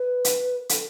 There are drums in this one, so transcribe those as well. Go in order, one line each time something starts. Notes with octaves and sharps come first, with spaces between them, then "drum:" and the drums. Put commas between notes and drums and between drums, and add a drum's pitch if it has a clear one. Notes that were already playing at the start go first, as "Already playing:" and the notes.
Already playing: B4
drum: hi-hat
A4, drum: hi-hat